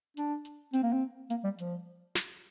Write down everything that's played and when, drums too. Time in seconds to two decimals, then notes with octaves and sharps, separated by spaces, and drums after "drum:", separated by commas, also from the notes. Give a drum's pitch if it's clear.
0.17 D4, drum: hi-hat
0.45 drum: hi-hat
0.73 C4, drum: hi-hat
0.83 A#3
0.93 C4
1.30 A#3, drum: hi-hat
1.44 G3
1.58 F3, drum: hi-hat
2.15 drum: snare